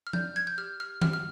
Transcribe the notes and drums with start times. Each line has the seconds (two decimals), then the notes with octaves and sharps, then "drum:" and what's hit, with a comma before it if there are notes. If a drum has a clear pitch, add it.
0.07 F6
0.13 D5 G6, drum: tom F3
0.36 G#6
0.47 G6
0.58 G4 F6
0.80 F6
1.02 G4 F6, drum: tom D#3
1.13 F6